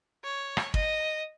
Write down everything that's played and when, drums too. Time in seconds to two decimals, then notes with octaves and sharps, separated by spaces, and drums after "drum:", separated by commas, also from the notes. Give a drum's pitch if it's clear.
0.24 C#5
0.57 drum: rim click
0.74 D#5, drum: kick